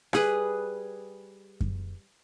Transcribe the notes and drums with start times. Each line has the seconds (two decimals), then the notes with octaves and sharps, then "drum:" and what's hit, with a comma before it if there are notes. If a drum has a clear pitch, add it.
0.13 G3 G#4 B4, drum: rim click
1.61 drum: kick F#2